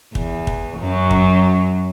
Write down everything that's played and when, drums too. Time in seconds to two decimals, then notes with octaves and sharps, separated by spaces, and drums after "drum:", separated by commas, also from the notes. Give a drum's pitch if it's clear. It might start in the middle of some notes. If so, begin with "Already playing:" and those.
0.15 E2 E3, drum: kick
0.47 drum: kick
0.79 F#2 F#3
1.11 drum: kick